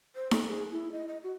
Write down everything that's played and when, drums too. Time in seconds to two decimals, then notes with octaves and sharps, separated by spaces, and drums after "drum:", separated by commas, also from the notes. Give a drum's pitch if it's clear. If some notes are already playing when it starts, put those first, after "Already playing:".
0.15 C5
0.31 A4, drum: snare D#4
0.48 G#4
0.71 E4
0.92 D#5
1.08 D#5
1.24 F#4